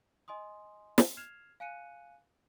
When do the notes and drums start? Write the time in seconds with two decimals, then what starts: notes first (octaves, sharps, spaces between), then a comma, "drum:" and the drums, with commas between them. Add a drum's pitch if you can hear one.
0.28 D#5 G#5 C6 D#6
0.98 drum: snare
1.17 F6 G#6 C7 E7 F7
1.60 F5 G#5 F#6 C#7 D#7